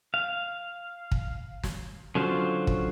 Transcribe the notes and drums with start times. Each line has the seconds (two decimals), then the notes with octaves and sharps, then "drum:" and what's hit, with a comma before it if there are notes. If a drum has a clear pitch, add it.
0.14 F5
1.12 drum: kick
1.63 drum: snare
2.15 D3 F#3 C#4 F4 C5
2.67 drum: kick